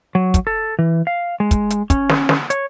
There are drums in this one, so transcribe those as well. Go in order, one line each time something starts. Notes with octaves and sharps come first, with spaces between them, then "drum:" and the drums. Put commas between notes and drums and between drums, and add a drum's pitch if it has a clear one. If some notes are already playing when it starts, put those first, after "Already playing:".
F#3
drum: kick, hi-hat
A4
E3
F5
G#3
drum: kick, hi-hat
drum: hi-hat
C#4, drum: kick, hi-hat
drum: snare
drum: snare
C#5, drum: hi-hat